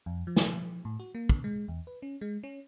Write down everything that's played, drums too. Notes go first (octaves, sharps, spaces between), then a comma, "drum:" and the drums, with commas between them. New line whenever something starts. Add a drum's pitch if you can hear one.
F2
F3
drum: snare
A2
F#4
A#3
D3, drum: kick
G#3
E2
B4
C#4
G#3
C#4